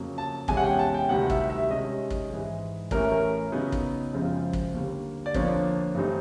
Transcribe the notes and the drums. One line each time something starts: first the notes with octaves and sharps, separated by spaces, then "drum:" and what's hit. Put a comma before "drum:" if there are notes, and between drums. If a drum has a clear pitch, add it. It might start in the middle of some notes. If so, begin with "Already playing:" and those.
Already playing: F2 C#3 F#3 A#3
A5
E2 C3 E3 G#3 C#4 G#5, drum: kick
F#5
G5
A5
G5
D2 C3 D#3 G3 F#5
E5, drum: kick
E5
C3 D#3 G#3 C#4 D#5
drum: kick
G#2 E3 G#3
A2 E3 A3 C#4 A#4, drum: kick
A#4
C#3 F#3 B3 D#4
drum: kick
F#2 C#3 F3 G#3 C4
drum: kick
D#2 D3 G3 A#3
D5
F2 D3 F3 A#3 D4 C#5, drum: kick
G2 E3 A3 C4 D#4